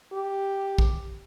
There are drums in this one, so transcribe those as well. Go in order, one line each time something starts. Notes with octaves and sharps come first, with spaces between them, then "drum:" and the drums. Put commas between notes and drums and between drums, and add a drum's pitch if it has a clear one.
G4
drum: kick